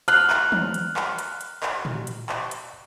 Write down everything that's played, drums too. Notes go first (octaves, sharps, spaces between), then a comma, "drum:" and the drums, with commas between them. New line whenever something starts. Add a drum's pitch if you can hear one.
F6 F#6, drum: hi-hat
drum: clap
drum: tom
drum: hi-hat
drum: clap
drum: hi-hat
drum: hi-hat
drum: clap
drum: tom
drum: hi-hat
drum: clap
drum: hi-hat